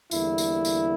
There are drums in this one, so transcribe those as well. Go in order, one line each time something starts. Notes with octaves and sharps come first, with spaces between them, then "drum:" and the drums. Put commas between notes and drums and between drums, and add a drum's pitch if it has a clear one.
E2 D3 G3 A#3 E4, drum: tambourine
drum: tambourine
drum: tambourine